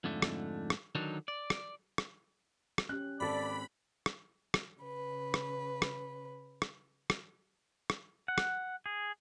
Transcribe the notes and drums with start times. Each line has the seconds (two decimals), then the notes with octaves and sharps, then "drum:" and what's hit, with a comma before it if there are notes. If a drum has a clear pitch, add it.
0.04 F2 G#2 D3 A3
0.22 drum: rim click
0.70 drum: rim click
0.95 D3 D#3 F#3 D4 D#4
1.28 D5
1.50 drum: rim click
1.98 drum: rim click
2.78 drum: rim click
2.89 C#4 G4 F#6
3.20 G#1 A4 D5 B5
4.06 drum: rim click
4.54 drum: rim click
4.80 C#3 B4
5.34 drum: rim click
5.82 drum: rim click
6.62 drum: rim click
7.10 drum: rim click
7.90 drum: rim click
8.28 F#5
8.38 drum: rim click
8.86 G#4